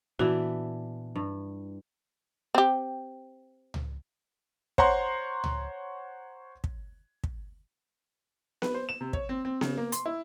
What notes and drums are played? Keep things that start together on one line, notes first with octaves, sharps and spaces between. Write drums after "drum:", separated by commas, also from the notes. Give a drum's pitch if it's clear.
A#2 E3 B3 D4 E4 F#4
G2
C4 G4
drum: tom C#2
C5 C#5 F#5 A#5 C6, drum: kick
drum: tom C#2
drum: kick
drum: kick
B4, drum: snare B3
C5
E7
C3
C#5, drum: kick
C4
C4
C#3, drum: snare B3
A#3
C6, drum: hi-hat
E4